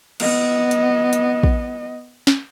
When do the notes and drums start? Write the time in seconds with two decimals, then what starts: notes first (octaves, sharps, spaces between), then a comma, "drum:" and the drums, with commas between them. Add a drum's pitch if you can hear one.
0.20 B3 D#5, drum: cymbal
0.71 drum: hi-hat
1.13 drum: hi-hat
1.43 drum: kick
2.27 drum: snare